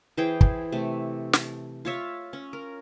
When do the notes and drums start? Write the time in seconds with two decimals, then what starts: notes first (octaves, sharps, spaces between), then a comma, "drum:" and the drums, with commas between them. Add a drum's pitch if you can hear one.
0.17 E3 G#4 C5 G5
0.41 drum: kick
0.72 C3 A3
1.33 drum: snare
1.85 F4 C#5 E5
2.33 C#4
2.53 A#4